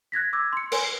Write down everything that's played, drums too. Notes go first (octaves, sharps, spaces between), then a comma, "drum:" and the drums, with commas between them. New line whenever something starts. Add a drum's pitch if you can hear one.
F#6 G#6 A#6 B6
D6 E6 G#6
C6 C#7
A#4 B4 C#5 G#5 C6, drum: cymbal
C7